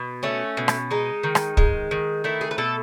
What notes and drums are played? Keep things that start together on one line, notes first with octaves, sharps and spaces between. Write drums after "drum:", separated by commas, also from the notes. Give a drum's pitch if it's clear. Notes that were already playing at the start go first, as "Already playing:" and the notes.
Already playing: B2
A3 C#4
B2
drum: rim click
G#3 D#4
D#3
drum: rim click
G#3, drum: kick
D#3
A3 E4
G#4
B4
B2 A4